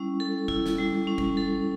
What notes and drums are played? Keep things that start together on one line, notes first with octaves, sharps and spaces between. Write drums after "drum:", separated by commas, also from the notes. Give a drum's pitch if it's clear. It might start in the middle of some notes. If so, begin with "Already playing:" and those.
Already playing: G3 C#4 E4
A4
E4, drum: kick F#1
drum: snare
G3
C#4
drum: kick F#1
A4